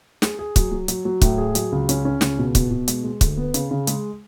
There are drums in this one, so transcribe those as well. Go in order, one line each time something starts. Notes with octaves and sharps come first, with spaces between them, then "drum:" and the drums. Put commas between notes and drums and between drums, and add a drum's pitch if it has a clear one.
G#4, drum: snare
G#4
F#3, drum: kick, hi-hat
F#3
F#3, drum: hi-hat
F#3
A2, drum: kick, hi-hat
G#4
F#3, drum: hi-hat
C#2
C#4, drum: hi-hat
C#4
C#2, drum: snare
B2
B2, drum: kick, hi-hat
B2
G#3, drum: hi-hat
G#3
D2, drum: kick, hi-hat
B3
C#3, drum: hi-hat
C#3
G#3, drum: hi-hat